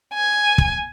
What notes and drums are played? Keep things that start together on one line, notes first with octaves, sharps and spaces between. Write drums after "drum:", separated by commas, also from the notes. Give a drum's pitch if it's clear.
G#5
drum: kick